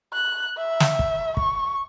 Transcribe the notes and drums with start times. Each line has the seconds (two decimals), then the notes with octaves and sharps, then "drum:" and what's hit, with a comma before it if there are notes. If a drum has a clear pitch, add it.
0.13 F#6
0.58 E5
0.80 drum: snare
0.99 drum: kick
1.37 C#6, drum: kick